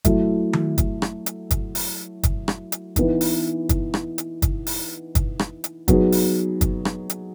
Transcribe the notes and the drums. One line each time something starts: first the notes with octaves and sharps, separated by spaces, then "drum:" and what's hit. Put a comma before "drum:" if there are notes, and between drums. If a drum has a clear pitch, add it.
F#3 A3 E4, drum: kick, hi-hat
drum: tom D#3
drum: kick, hi-hat
drum: rim click
drum: hi-hat
drum: kick, hi-hat
drum: open hi-hat
drum: kick, hi-hat
drum: rim click
drum: hi-hat
E3 B3 D#4, drum: kick, hi-hat
drum: open hi-hat
drum: kick, hi-hat
drum: rim click
drum: hi-hat
drum: kick, hi-hat
drum: open hi-hat
drum: kick, hi-hat
drum: rim click
drum: hi-hat
F#3 B3 D#4 G#4, drum: kick, hi-hat
drum: open hi-hat
drum: kick, hi-hat
drum: rim click
drum: hi-hat